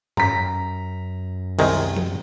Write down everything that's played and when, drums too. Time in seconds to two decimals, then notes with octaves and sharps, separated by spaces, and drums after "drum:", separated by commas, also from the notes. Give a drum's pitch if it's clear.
0.17 F#2 A#5 B6, drum: tom G2
1.59 C2 D#3 G#3, drum: cymbal
1.96 drum: tom F3